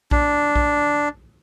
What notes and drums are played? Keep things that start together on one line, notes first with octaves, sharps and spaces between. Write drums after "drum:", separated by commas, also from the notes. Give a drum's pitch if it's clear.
D4, drum: kick A#1
drum: kick A#1